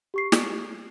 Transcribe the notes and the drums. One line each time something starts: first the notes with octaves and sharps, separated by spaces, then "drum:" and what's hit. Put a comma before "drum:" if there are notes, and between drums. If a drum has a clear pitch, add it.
G4 C#6 C7
drum: snare